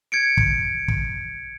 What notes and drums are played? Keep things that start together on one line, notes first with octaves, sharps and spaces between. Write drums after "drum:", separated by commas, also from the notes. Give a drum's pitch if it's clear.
G#6 C#7 D7
drum: kick
drum: kick